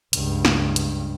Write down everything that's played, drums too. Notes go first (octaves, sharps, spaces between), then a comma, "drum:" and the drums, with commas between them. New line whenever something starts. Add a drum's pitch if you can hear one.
C#2 G2, drum: hi-hat
drum: snare
drum: hi-hat